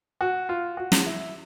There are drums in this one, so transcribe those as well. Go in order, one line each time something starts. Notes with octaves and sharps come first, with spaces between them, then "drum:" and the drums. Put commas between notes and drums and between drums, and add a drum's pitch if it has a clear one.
F#4
F4
F#4
drum: snare
E4